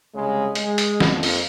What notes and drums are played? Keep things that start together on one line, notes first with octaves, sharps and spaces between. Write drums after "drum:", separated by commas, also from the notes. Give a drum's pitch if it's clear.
C2 C#3 G#3
G#3, drum: hi-hat
drum: hi-hat
drum: snare
A#1 F2
drum: open hi-hat